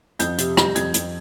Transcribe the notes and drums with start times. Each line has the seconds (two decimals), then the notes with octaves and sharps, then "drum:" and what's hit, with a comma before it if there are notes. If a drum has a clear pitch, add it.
0.19 F2 G6, drum: hi-hat
0.38 C3, drum: hi-hat
0.57 G3, drum: rim click
0.75 F2 G#6, drum: hi-hat
0.94 F2, drum: hi-hat